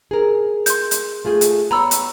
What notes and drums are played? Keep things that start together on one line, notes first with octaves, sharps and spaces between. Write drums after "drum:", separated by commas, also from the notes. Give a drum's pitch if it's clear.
G#4 A#4
C6 G6, drum: hi-hat
drum: hi-hat
A3 F4 G#4
drum: hi-hat
B3 C#5 A#5 B5 E6
drum: hi-hat